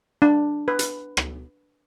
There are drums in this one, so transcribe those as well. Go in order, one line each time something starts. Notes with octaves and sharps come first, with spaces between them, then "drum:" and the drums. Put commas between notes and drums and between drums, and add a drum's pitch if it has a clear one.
D4
B4
drum: hi-hat
drum: rim click